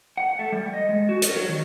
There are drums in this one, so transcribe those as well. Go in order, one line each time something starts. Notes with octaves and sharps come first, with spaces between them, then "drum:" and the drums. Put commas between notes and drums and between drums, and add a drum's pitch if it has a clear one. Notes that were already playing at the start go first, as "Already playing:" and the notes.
F#5
A3
G3
D#5
G#3
F#4
A#4, drum: hi-hat
F#3
D#3